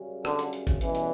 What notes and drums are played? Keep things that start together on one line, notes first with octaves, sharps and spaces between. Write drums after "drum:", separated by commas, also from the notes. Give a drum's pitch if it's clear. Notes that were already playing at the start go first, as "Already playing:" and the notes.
Already playing: F#2 C#3 G3 C#4 G4
D3, drum: rim click
drum: hi-hat
drum: hi-hat
drum: kick G#1, hi-hat
B1 B2 E3 G3 C#4, drum: hi-hat
drum: hi-hat